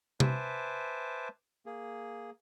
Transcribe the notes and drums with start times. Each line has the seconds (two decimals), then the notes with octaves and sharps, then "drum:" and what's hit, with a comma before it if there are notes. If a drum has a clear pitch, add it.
0.20 B4 C5 E5 G#5 A5 D6, drum: tom C3
1.66 A#3 G#4